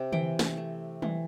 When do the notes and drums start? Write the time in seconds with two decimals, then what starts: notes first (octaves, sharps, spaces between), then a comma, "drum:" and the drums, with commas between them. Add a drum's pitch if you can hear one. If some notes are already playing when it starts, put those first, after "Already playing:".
Already playing: C3
0.12 E3 G5, drum: tom C#3
0.39 drum: snare
0.57 A3
1.02 E3, drum: tom F#3